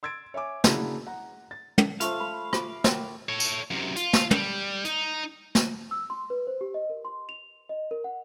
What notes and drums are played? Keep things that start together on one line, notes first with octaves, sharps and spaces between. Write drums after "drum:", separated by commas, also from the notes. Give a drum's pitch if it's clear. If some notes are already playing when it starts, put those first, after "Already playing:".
C6 E6 G#6 A6 D7
C#5 E5 G#5 D6
C#3 A#3 D4 E4 F#4 G#4, drum: snare
F#5 A#5
A6
drum: tom
A3 F4 C5 F5 C6, drum: hi-hat
B5
F4 B5 D6, drum: rim click
A#4 F#5 G5, drum: snare
A4 C#5
drum: tambourine
F#2 C3
F4, drum: hi-hat
drum: snare
G3, drum: tom
D#4, drum: hi-hat
drum: snare
E6
C6
B4
C5
G4
D#5
A#4
C6
F7
D#5
A#4
F#5